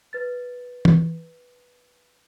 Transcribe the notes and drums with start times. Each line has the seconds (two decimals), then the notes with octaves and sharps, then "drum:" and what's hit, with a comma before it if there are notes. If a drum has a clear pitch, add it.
0.13 B4 A6
0.85 drum: tom